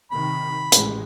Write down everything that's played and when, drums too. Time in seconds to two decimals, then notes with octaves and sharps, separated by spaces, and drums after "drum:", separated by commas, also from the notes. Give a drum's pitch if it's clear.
0.12 C3 D#3 B5
0.72 A1 E3 G#3, drum: hi-hat